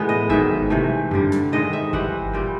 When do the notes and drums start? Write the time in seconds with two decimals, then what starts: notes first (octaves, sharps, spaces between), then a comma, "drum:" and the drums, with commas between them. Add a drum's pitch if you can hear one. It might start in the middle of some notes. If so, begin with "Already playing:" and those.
Already playing: A2 E3 G#3 B3
0.09 D#5
0.29 G#2 D#3 F#3 E5, drum: kick G1
0.70 C3 E3 A3
1.11 G2 D3 G3, drum: tom F#2
1.32 drum: snare
1.52 G#2 D#3 G#3 D#5
1.73 E5
1.93 E3 G3 C4 F#5, drum: kick G1
2.33 A#2 G3 C4